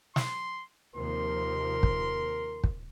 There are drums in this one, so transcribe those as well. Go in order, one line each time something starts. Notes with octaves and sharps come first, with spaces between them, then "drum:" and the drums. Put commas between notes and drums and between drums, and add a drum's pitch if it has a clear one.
C6, drum: snare
D#2 C3 F3 A#4 C6
drum: kick
drum: kick